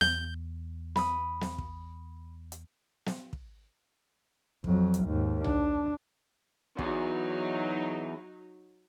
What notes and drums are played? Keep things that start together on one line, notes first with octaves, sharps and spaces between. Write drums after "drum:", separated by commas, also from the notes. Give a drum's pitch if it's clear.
E2 G6, drum: snare
B5 D#6, drum: snare
drum: snare
drum: kick
drum: hi-hat
drum: snare
drum: kick
F2 F#3, drum: kick
drum: hi-hat
D#2 G#2
D4, drum: tom B1
E2 F#3 D#4, drum: kick